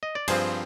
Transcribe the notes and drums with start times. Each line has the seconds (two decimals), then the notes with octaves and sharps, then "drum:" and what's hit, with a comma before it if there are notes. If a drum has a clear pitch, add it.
0.03 D#5
0.15 D5
0.28 G2 F3 C4 G#4 C5, drum: cymbal